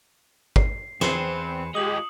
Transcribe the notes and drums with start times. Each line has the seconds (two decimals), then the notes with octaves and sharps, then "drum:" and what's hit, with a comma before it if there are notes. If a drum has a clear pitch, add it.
0.56 C7, drum: kick
1.01 E2 C4 G#4 B4 C5 C#7 E7, drum: snare
1.75 G#3 F4 G4 G#4 D#5 D#6 F#7